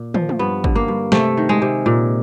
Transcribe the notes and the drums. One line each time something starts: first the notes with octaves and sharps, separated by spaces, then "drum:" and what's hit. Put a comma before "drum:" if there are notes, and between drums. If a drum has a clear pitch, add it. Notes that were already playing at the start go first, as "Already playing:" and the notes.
Already playing: A#2
F3, drum: tom
drum: tom
G2 B3
D3, drum: kick
A#3
G2
C3 A3, drum: snare
D#3
G#3
C3
A#2